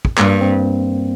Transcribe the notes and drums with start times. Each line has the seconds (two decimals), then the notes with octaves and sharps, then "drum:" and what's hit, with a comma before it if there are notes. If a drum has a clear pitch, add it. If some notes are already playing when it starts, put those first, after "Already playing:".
0.05 drum: kick
0.18 G2 A#3, drum: clap
0.41 C4